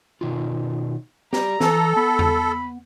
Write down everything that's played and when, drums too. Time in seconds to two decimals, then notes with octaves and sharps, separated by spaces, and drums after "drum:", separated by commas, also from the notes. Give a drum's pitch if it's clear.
0.21 B2 D#3 F4
1.33 G4 D5 A#5, drum: snare
1.60 E3 A4 G#5, drum: snare
1.96 B3 B5
2.19 drum: tom E2